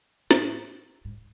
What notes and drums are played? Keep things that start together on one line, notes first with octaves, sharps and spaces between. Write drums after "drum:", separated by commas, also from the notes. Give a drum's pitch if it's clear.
A2, drum: snare
G#2